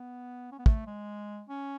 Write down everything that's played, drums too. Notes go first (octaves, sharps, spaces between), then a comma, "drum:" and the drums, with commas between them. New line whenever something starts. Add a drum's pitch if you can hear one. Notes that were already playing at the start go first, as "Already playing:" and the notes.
Already playing: B3
C#4
B3
A3, drum: kick
G#3
C#4